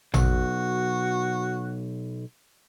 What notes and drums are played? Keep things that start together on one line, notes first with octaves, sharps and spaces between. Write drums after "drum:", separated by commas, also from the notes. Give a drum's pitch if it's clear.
B1 F#4, drum: tom A1